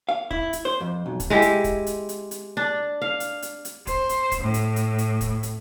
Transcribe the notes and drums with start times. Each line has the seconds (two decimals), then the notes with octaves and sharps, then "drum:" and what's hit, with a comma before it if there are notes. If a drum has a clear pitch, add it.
0.09 F5
0.31 E4, drum: kick
0.53 drum: hi-hat
0.65 C5
0.80 F2
1.06 B1
1.20 drum: kick, hi-hat
1.30 G#3 E4 G4
1.42 drum: hi-hat
1.64 drum: kick, hi-hat
1.87 drum: hi-hat
2.09 drum: hi-hat
2.31 drum: hi-hat
2.57 D4
3.02 F5
3.20 drum: hi-hat
3.42 drum: hi-hat
3.65 drum: hi-hat
3.87 C5, drum: kick, hi-hat
4.09 drum: hi-hat
4.32 drum: kick, hi-hat
4.42 A2
4.54 drum: hi-hat
4.76 drum: hi-hat
4.98 drum: hi-hat
5.21 drum: kick, hi-hat
5.43 drum: hi-hat